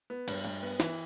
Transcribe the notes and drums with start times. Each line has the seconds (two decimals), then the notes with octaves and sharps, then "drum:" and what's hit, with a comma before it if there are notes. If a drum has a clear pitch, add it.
0.10 B3
0.28 G2, drum: cymbal
0.45 G2
0.63 B3
0.80 E3, drum: snare